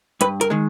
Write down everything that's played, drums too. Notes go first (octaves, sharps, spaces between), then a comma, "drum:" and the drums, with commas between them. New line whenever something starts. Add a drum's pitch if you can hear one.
G2 B4, drum: hi-hat
A#4, drum: hi-hat
D#3 G#3